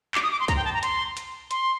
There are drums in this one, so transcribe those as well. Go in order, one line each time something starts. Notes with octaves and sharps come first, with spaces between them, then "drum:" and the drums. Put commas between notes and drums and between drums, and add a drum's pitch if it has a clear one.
D6, drum: clap
D#6
D6
C6
A#5, drum: kick, hi-hat
G5
A5
A#5
C6, drum: hi-hat
drum: hi-hat
C6, drum: hi-hat